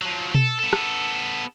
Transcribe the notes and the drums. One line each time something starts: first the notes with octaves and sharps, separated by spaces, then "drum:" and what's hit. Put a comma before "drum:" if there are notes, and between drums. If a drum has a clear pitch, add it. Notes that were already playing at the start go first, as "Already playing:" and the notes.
F3 F#3
A4, drum: tom B2
B3 A4
drum: rim click